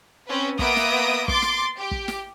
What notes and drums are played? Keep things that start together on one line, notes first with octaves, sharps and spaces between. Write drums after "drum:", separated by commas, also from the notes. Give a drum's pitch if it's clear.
C4 C#4 B4
A#3 B3 E5 D#6 A#6 D7, drum: kick
drum: snare
C6 D6 A6, drum: kick
drum: snare
G4
drum: kick
drum: snare